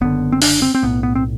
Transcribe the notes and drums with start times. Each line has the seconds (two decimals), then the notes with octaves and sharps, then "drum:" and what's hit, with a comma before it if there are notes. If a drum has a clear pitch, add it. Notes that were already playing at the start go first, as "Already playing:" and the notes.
0.01 F#1 F#2 D3 B3
0.32 C4
0.42 D4, drum: open hi-hat
0.62 C4
0.75 C4
0.83 B1 A2 B3
1.03 B3
1.15 C4